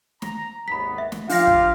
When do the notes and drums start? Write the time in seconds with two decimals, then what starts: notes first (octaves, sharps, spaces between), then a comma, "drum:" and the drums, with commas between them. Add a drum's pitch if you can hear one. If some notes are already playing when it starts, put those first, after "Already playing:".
0.22 A#5, drum: snare
0.68 G#1 D#2 B3 B5 B6
0.98 E5
1.12 drum: snare
1.29 F3 D4 F4 G4 F5 A#6, drum: open hi-hat
1.47 drum: kick